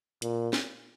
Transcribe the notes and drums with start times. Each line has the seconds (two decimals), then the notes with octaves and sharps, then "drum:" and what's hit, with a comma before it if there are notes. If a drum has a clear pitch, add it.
0.22 A#2, drum: hi-hat
0.53 drum: snare